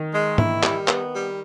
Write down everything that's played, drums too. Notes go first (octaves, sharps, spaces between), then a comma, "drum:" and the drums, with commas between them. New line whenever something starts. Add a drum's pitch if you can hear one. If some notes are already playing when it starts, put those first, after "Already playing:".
Already playing: D#3
G#3
E4, drum: tom
G3, drum: clap
B3, drum: clap
G3